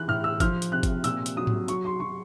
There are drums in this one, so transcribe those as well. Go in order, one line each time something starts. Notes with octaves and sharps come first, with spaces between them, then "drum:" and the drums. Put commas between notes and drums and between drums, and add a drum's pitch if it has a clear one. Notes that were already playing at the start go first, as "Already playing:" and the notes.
Already playing: E3 F#6
A2 F6
E6
F3 F6, drum: kick G1, hi-hat
drum: hi-hat
C3 F#6
drum: kick G1, hi-hat
A#2 E6, drum: hi-hat
drum: hi-hat
F#3 D#6
drum: tom G#2
F#3 C#6, drum: hi-hat
C6
F#3 C#6